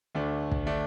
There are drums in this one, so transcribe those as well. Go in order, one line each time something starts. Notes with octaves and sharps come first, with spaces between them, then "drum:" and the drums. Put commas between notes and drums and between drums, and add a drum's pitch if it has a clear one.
D2 D3 A3 D4
drum: kick
D3 A3 D4